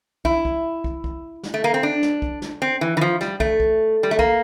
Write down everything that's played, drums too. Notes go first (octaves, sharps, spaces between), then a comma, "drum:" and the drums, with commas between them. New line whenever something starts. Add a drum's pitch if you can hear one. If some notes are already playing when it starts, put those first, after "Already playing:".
E4, drum: kick
drum: kick
drum: kick
drum: kick
drum: snare
A3
A#3
C4
D4
drum: snare
drum: kick
drum: snare
C4
E3
E3
F3
G3, drum: snare
A3, drum: kick
drum: kick
G3
A3
A#3, drum: kick